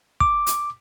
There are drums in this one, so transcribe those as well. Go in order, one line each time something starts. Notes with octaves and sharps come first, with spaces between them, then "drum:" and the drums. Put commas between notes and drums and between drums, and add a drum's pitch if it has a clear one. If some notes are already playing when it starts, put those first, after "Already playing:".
D6, drum: kick
drum: hi-hat